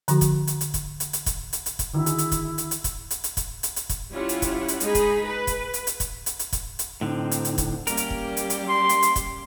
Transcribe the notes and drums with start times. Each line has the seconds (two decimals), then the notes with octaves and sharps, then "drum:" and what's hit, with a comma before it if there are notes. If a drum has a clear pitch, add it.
0.08 D3 F3 F#4, drum: hi-hat
0.21 drum: kick, hi-hat
0.47 drum: hi-hat
0.61 drum: hi-hat
0.74 drum: kick, hi-hat
1.00 drum: hi-hat
1.13 drum: hi-hat
1.26 drum: kick, hi-hat
1.53 drum: hi-hat
1.66 drum: hi-hat
1.79 drum: kick, hi-hat
1.94 D3 D#3 E4 F#4
2.06 G#4, drum: hi-hat
2.18 drum: hi-hat
2.32 drum: kick, hi-hat
2.58 drum: hi-hat
2.71 drum: hi-hat
2.84 drum: kick, hi-hat
3.11 drum: hi-hat
3.24 drum: hi-hat
3.37 drum: kick, hi-hat
3.63 drum: hi-hat
3.76 drum: hi-hat
3.89 drum: kick, hi-hat
4.11 G3 C#4 E4 F4 G4 F#5
4.29 drum: hi-hat
4.42 drum: kick, hi-hat
4.68 drum: hi-hat
4.80 G#3 D#4 G#4 B5, drum: hi-hat
4.95 drum: kick, hi-hat
5.26 B4
5.47 drum: kick, hi-hat
5.74 drum: hi-hat
5.87 drum: hi-hat
6.00 drum: kick, hi-hat
6.26 drum: hi-hat
6.39 drum: hi-hat
6.53 drum: kick, hi-hat
6.79 drum: hi-hat
7.01 A2 D3 C4 D#4
7.31 drum: hi-hat
7.45 drum: hi-hat
7.58 drum: kick, hi-hat
7.87 G3 A#3 C#4 G4 A#4, drum: hi-hat
7.97 drum: hi-hat
8.10 drum: kick
8.37 drum: hi-hat
8.50 drum: hi-hat
8.68 C6
8.89 drum: hi-hat
9.02 drum: hi-hat
9.16 drum: kick, hi-hat